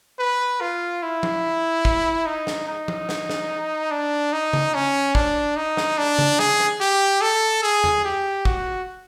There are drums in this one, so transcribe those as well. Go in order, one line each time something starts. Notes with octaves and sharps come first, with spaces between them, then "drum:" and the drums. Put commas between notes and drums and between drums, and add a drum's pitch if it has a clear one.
B4
F4
E4
drum: tom F3
drum: kick
D#4
drum: snare
D#4
drum: tom F3
drum: snare
drum: snare
D4
D#4
drum: tom C#3
C#4
D4, drum: kick
D#4
drum: snare
D4
drum: tom C#3
G#4, drum: snare
drum: snare
G4
A4
G#4
drum: tom E2
G4
F#4, drum: kick